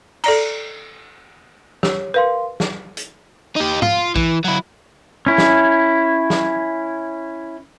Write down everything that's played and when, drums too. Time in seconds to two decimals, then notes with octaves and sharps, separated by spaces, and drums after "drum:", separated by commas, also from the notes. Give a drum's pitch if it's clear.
0.24 A4 D5 A#5, drum: cymbal
1.83 G4 C#5, drum: snare
2.14 A#4 B4 F5 C6
2.60 drum: snare
2.97 drum: hi-hat
3.56 D#4 G4
3.82 F4, drum: tom G#2
4.16 E3, drum: kick
4.44 F#3 E4
5.26 C#4 E4
5.38 drum: snare
6.30 drum: snare